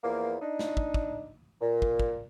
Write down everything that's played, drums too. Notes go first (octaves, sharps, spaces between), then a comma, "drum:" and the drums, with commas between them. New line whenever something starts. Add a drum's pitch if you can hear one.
E2 F3 A#3
D4 D#4
drum: snare
drum: kick
drum: kick
A#2
drum: kick
drum: kick